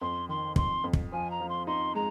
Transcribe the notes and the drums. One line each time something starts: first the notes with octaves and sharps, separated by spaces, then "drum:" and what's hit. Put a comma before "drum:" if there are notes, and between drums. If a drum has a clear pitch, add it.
F2 C6
D#3 C6
F2 C6, drum: kick
F2
drum: kick
F3 G#5
A#5
F3
C6
D#4 C6
G#3 A#5